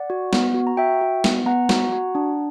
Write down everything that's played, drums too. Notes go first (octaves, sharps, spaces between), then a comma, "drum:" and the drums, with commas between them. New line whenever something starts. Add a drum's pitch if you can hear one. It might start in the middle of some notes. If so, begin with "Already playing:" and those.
Already playing: D5 F#5
F#4
B3, drum: snare
F#4
A#5
F#4 E5 G5
F#4
B3, drum: snare
B3 F#5 A#5
F#4, drum: snare
F#4
D4